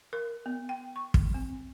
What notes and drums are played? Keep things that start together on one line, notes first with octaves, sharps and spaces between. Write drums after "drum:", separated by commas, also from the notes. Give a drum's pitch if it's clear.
A#4
B3
G5
C#6
drum: kick
C4